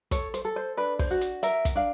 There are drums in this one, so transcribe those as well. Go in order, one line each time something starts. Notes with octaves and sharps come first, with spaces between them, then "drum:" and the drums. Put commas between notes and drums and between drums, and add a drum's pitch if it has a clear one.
A4 C#5, drum: kick, hi-hat
C5, drum: hi-hat
A4
C5
D4 B4
C5, drum: kick, open hi-hat
F#4
drum: hi-hat
A#4 E5, drum: hi-hat
drum: kick, hi-hat
D4 F5